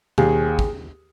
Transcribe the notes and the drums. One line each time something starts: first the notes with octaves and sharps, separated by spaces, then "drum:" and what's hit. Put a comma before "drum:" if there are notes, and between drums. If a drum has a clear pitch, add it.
D#2 G#4, drum: tom B2
drum: kick